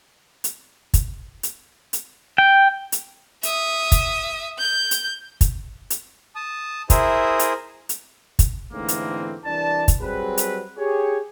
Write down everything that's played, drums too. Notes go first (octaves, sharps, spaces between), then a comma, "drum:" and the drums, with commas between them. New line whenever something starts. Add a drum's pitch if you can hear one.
drum: hi-hat
drum: kick, hi-hat
drum: hi-hat
drum: hi-hat
G5
drum: hi-hat
E5 D#6, drum: hi-hat
drum: kick, hi-hat
G6
drum: hi-hat
drum: kick, hi-hat
drum: hi-hat
A5 D#6
E4 G#4 A#4 C5 E5 D#6, drum: kick, hi-hat
drum: hi-hat
drum: hi-hat
drum: kick, hi-hat
G#2 D3 E3 A3 A#3 C4
drum: hi-hat
C2 E3 D4 D5 A5
drum: kick, hi-hat
F#3 G3 C4 G#4 B4
drum: hi-hat
G4 G#4 C#5